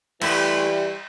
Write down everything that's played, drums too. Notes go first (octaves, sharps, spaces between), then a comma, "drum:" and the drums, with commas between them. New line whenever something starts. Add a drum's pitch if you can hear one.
E3 G3 A3 E4 G4 B4, drum: cymbal